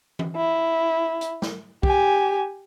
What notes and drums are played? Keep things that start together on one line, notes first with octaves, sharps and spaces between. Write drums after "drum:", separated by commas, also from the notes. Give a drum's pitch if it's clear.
drum: tom E3
E4
drum: hi-hat
drum: snare
G4 G#5, drum: kick